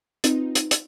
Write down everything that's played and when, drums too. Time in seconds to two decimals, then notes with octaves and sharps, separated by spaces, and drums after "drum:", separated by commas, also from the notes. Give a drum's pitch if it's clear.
0.24 C4 D#4 F4 B4, drum: hi-hat
0.55 drum: hi-hat
0.71 drum: hi-hat